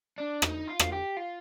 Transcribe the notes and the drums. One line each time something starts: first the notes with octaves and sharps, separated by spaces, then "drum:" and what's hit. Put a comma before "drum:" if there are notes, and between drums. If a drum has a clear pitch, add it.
D4
D#4, drum: rim click
F4
drum: rim click
G4
F4